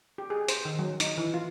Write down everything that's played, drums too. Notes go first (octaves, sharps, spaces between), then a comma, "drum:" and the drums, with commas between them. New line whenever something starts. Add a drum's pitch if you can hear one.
G4
G#4
C5, drum: hi-hat
D#3
F#3
D#4, drum: hi-hat
E3
F4